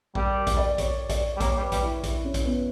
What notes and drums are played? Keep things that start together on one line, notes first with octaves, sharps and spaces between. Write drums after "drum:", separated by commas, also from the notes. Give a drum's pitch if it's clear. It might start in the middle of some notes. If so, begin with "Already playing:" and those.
G3 A#4, drum: kick A#1
drum: kick A#1, hi-hat
D5
C#5, drum: kick A#1, hi-hat
D5, drum: kick A#1, hi-hat
G3
A#3 C#5, drum: kick A#1, hi-hat
G3
B4
G3, drum: kick A#1, hi-hat
E4
E4, drum: kick A#1, hi-hat
C#4
drum: kick A#1, hi-hat
B3